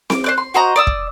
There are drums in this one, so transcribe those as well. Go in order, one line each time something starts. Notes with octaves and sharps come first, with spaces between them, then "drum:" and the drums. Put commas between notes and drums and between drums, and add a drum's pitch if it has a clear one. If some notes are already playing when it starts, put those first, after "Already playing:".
D6, drum: snare C4
C5 D5 F#6
C6
F#4 C5 D#5 A#5
D5 D#6 E6
drum: kick